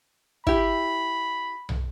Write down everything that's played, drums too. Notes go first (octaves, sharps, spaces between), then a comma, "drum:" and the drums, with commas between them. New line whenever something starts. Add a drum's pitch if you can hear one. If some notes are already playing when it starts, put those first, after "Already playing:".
E4 G4 B5, drum: kick
drum: tom